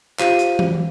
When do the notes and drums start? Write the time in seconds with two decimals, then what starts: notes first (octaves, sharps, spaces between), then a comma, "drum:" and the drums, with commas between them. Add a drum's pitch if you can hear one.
0.19 F4 G4 C5 F5 D#7, drum: clap
0.39 drum: hi-hat
0.59 drum: tom E3